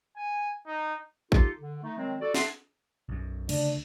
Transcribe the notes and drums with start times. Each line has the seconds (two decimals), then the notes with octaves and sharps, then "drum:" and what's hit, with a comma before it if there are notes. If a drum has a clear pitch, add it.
0.17 G#5
0.67 D#4
1.32 D#4 F4 G4 A4, drum: kick
1.60 D3
1.83 A3 D#4
1.97 D#3 F#3 G#3 C4
2.21 F#4 A4 D5
2.34 E5 F#5 A5 C6, drum: snare
3.09 B1 F#2
3.49 D2 C#3 A3 D4, drum: cymbal